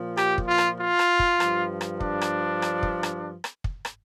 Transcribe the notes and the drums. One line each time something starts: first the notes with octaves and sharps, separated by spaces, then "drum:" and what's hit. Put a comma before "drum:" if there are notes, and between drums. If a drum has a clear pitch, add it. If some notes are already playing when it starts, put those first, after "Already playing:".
Already playing: A#2 F3
G4, drum: rim click
drum: kick
F4
drum: rim click
F4
drum: rim click
drum: kick
G2 F3, drum: rim click
drum: rim click
D4, drum: kick
drum: rim click
drum: rim click
drum: kick
drum: rim click
drum: rim click
drum: kick
drum: rim click